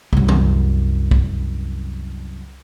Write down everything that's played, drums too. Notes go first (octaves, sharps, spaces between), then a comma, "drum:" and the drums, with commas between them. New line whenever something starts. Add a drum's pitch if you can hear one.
C2 F#2, drum: kick
drum: tom D#3
drum: kick